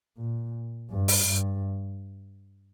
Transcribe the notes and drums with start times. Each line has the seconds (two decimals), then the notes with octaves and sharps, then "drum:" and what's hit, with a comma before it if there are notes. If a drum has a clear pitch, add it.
0.18 A#2
0.90 G2
1.08 drum: open hi-hat
1.27 G2